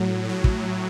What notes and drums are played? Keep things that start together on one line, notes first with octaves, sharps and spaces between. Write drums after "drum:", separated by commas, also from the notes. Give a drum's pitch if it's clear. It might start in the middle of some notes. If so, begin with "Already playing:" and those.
Already playing: A2 F#3
A2 F#3
drum: kick